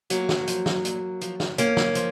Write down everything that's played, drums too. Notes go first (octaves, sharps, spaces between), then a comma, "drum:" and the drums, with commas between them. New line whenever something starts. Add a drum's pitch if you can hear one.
A#2 F#3 A#3, drum: hi-hat
drum: snare
F3, drum: hi-hat
drum: snare
A#2, drum: hi-hat
F3, drum: hi-hat
drum: snare
A2 A#3 C#4, drum: hi-hat
drum: snare
F3, drum: hi-hat